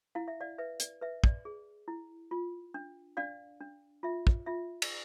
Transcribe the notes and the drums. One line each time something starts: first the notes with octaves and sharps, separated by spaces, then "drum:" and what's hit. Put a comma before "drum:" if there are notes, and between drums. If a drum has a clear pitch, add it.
E4 F5
E5
D5 F5
B4 E5
D5, drum: hi-hat
B4 E5
D5, drum: kick
G#4
E4
F4
D4
D4 D5 F5
D4
F4 E5
drum: kick
F4 E5
drum: cymbal